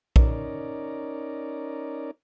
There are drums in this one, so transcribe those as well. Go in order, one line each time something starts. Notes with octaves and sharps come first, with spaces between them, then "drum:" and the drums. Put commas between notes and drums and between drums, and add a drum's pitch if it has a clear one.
C#4 D#4 A#4 D5, drum: kick A#1